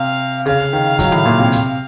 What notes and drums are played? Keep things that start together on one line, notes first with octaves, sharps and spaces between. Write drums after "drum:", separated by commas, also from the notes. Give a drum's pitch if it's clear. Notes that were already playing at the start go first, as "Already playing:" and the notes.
Already playing: C3 F5
C#3 F5
D#3
F#3, drum: kick, hi-hat
A2, drum: tom D3
A#2
C3
drum: hi-hat